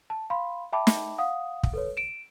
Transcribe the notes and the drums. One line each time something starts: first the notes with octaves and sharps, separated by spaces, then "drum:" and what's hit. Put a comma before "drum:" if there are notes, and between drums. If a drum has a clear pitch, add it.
A5
F5 B5 C6
E5 G5 A5 B5 D6
drum: snare
F5 F#5 D#6
drum: kick
A4 B4 C#5
D7 E7